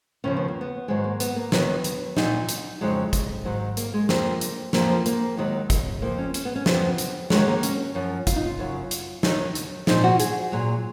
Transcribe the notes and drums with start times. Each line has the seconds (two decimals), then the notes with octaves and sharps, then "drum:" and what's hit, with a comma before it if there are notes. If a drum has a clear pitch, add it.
0.24 D#2 C#3 F3 C#4
0.37 B3
0.48 A#3
0.61 B3
0.88 G#2 D#3 F#3 G#3
1.04 A#3
1.20 B3, drum: hi-hat
1.36 A#3
1.52 D#2 D#3 F#3 B3, drum: snare
1.84 drum: hi-hat
2.17 A#2 F#3 D#4, drum: snare
2.49 drum: hi-hat
2.81 F2 C#3 F#3 G#3
3.13 drum: kick, hi-hat
3.45 G#2 D#3 F#3
3.77 A#3, drum: hi-hat
3.94 G#3
4.09 F2 F3 A#3, drum: snare
4.41 drum: hi-hat
4.73 F2 F3 A#3, drum: snare
5.06 A#3, drum: hi-hat
5.37 D#2 D#3 F#3 G#3
5.70 drum: kick, hi-hat
6.02 F2 F3 A#3
6.18 C#4
6.34 C#4, drum: hi-hat
6.45 B3
6.56 C#4
6.66 F2 F3 B3, drum: snare
6.98 drum: hi-hat
7.30 D#2 D#3 F#3 G#3, drum: snare
7.47 A#3
7.63 C#4, drum: hi-hat
7.95 F#2 F3
8.27 F4, drum: kick, hi-hat
8.36 D#4
8.46 F4
8.59 F#2 C#3 F#3
8.91 drum: hi-hat
9.23 D#2 D#3 F#3 D#4, drum: snare
9.55 drum: hi-hat
9.87 A#2 F3 D#4, drum: snare
10.04 F#4
10.20 G#4, drum: hi-hat
10.52 A#2 F#3